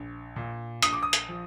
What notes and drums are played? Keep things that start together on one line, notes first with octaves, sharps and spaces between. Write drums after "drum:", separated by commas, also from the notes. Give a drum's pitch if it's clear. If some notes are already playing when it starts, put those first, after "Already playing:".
Already playing: A#1
A#2
A#1 D#6, drum: hi-hat
D6
D#6
drum: hi-hat
F3